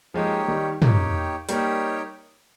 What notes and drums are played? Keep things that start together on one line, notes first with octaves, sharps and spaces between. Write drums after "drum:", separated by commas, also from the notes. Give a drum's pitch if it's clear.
F3 G#3 A#3 D#4 G4 C#5 G5
D#3 G3
A#3 D#4 G4 C#5 G5, drum: tom
G3 A#3 D#4 G4 A#4 C#5 G5, drum: hi-hat